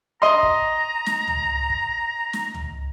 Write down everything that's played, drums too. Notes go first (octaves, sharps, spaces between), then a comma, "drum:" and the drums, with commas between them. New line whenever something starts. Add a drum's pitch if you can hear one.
D#5 A#5 C6
drum: kick
drum: snare
drum: tom C#2
drum: kick
drum: snare
drum: tom C#2